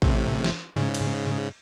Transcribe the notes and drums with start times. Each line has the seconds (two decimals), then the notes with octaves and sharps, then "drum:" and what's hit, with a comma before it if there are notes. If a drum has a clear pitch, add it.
0.02 A1 A2 C3, drum: kick
0.44 drum: snare
0.76 G#2 C#3
0.94 drum: cymbal